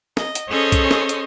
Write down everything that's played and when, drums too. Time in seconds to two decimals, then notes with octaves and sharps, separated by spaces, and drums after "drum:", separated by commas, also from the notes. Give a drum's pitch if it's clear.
0.17 D#5, drum: snare
0.35 drum: hi-hat
0.48 C#4 G#4 A4 C5 C#5 D#5
0.72 drum: kick, hi-hat
0.91 drum: snare
1.09 drum: hi-hat